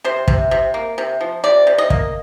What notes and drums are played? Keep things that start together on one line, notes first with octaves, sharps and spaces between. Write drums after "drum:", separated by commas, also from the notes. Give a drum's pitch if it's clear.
C3 C5
C3, drum: kick
C3
A#3
C3
F3
C3 D5
C3
D#5
A#3, drum: kick